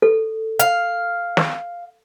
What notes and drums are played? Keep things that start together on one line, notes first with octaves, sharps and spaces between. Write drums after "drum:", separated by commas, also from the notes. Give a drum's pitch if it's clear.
A4
F5, drum: hi-hat
drum: snare